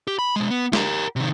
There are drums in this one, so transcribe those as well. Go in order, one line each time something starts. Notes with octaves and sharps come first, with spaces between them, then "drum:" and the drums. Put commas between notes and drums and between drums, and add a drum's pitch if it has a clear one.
G4
B5
B2 G#3
B3
G4 A#4, drum: snare
C3 D#3